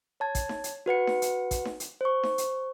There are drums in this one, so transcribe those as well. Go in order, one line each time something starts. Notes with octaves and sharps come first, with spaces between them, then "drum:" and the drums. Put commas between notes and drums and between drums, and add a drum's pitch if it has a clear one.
C#5 A5 G#6
drum: kick, hi-hat
drum: snare D#4
drum: hi-hat
F#4 B4 F#5 C#7
drum: snare D#4
drum: hi-hat
drum: kick, hi-hat
drum: snare D#4
drum: hi-hat
C5 C#6
drum: snare D#4
drum: hi-hat